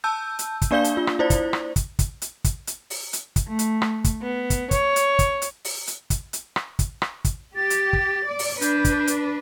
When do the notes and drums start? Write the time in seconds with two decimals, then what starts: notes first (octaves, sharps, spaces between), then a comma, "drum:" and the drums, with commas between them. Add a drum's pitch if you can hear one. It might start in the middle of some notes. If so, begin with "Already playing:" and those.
0.04 A5 E6 G6
0.39 drum: hi-hat
0.62 drum: kick, hi-hat
0.71 A#3 D4 D5 F5 G6 G7
0.84 drum: hi-hat
0.97 F4
1.07 drum: rim click
1.19 E4 C5 D5
1.30 drum: kick, hi-hat
1.53 drum: rim click
1.76 drum: kick, hi-hat
1.99 drum: kick, hi-hat
2.22 drum: hi-hat
2.44 drum: kick, hi-hat
2.67 drum: hi-hat
2.90 drum: open hi-hat
3.13 drum: hi-hat
3.36 drum: kick, hi-hat
3.49 A3
3.59 drum: hi-hat
3.82 drum: rim click
4.04 drum: kick, hi-hat
4.22 B3
4.50 drum: kick, hi-hat
4.71 C#5, drum: kick, hi-hat
4.96 drum: hi-hat
5.19 drum: kick, hi-hat
5.42 drum: hi-hat
5.64 drum: open hi-hat
5.87 drum: hi-hat
6.10 drum: kick, hi-hat
6.33 drum: hi-hat
6.56 drum: rim click
6.79 drum: kick, hi-hat
7.02 drum: rim click
7.25 drum: kick, hi-hat
7.56 G4 A6
7.70 drum: hi-hat
7.93 drum: kick
8.26 D5
8.39 drum: open hi-hat
8.62 D4 B4 G6, drum: hi-hat
8.85 drum: kick, hi-hat
9.07 drum: hi-hat